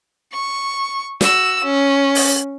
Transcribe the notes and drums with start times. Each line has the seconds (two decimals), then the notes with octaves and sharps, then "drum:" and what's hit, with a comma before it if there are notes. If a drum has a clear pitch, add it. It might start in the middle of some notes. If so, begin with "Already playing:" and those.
0.33 C#6
1.21 F#4 E6, drum: snare
1.64 C#4
2.15 drum: open hi-hat